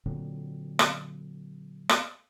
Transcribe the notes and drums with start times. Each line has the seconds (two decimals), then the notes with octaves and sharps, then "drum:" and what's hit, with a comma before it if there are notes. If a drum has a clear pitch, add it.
0.06 A#2 D3 F#3 C4
0.79 drum: rim click
1.89 drum: rim click